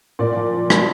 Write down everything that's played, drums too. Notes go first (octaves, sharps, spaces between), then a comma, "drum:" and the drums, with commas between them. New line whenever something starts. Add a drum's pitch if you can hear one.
A#2 D5
F3
F3
F3, drum: rim click